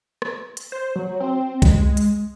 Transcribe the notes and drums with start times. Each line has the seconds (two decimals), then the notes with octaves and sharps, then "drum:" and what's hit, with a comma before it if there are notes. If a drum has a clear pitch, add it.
0.22 drum: rim click
0.57 drum: hi-hat
0.72 C5
0.96 F#3
1.20 C4
1.62 G#3, drum: kick, hi-hat
1.97 drum: hi-hat